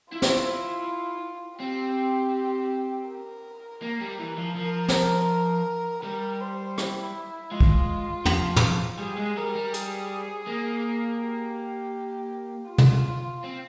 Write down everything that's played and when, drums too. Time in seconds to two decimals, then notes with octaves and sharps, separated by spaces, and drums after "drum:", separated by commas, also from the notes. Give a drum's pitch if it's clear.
0.13 E4 F4
0.22 drum: snare
1.60 C4 G4
3.09 A#4
3.82 A#3
4.01 G3
4.19 E3
4.38 F3
4.56 F3 A#4
4.88 drum: snare
6.03 G3 A#4
6.41 C5
6.78 E4, drum: rim click
7.51 G#3 F4
7.60 drum: kick
8.25 F3, drum: tom
8.56 drum: tom
8.99 G3 G#4
9.18 G#3
9.37 G3 A#4
9.55 G3
9.74 G#4, drum: hi-hat
10.47 A#3
11.22 G4
12.69 F4
12.78 drum: tom
13.44 C4